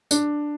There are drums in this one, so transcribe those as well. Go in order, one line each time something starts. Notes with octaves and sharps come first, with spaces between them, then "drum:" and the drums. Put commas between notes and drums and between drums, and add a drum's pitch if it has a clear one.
D4, drum: tambourine